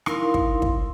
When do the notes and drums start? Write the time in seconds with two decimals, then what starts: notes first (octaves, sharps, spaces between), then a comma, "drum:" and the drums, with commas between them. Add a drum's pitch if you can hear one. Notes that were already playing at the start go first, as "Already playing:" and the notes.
0.06 D#4 E4 A#4 F5 C6, drum: rim click
0.34 drum: kick
0.62 drum: kick